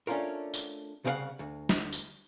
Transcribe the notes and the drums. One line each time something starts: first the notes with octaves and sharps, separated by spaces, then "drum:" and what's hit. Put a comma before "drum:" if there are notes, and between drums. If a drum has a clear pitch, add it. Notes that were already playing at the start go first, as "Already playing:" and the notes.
A3 C#4 D4 F4 A#4
drum: tambourine
C2 C#3 G4 B4 F5 F#5
D2
drum: snare
drum: tambourine